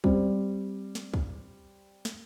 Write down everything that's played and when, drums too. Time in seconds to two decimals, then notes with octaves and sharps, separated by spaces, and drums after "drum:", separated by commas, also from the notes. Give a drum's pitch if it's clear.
0.04 G3 C4, drum: kick
0.95 drum: snare
1.14 drum: kick
2.05 drum: snare